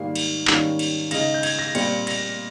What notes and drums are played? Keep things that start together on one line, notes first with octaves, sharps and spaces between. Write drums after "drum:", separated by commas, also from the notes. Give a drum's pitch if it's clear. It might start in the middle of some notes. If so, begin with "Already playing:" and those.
Already playing: G#2 D#3 G3 A#3 C7
drum: cymbal
G#2 D#3 G3 A#3 C#4, drum: clap
drum: cymbal
C#3 G#3 D#4 A#6, drum: cymbal
G6
G#6, drum: cymbal
A#6
A#2 G3 C4 C#7, drum: cymbal
A#6, drum: cymbal